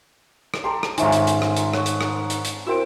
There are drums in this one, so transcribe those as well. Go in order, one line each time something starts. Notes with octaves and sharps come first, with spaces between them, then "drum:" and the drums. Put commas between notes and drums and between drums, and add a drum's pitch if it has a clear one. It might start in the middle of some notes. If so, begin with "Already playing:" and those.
drum: rim click
G4 A4 A#5 C6
drum: rim click
G#2 D#3 C4 C#4 F4 E5 G#5, drum: hi-hat
drum: hi-hat
drum: hi-hat
drum: rim click
drum: hi-hat
C#5 F#5 C#6, drum: rim click
drum: hi-hat
drum: rim click
drum: hi-hat
drum: hi-hat
C4 E4 F#4 A#4 E6 D7